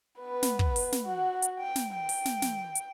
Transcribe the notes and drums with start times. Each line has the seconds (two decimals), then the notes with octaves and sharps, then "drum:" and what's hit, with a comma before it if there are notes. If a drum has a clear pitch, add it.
0.19 B3 B4
0.43 drum: snare
0.59 drum: kick
0.76 drum: open hi-hat
0.92 drum: snare
1.03 F#4 F#5
1.42 drum: hi-hat
1.59 G5
1.76 drum: snare
1.95 G5
2.09 drum: open hi-hat
2.25 drum: snare
2.42 drum: snare
2.75 drum: hi-hat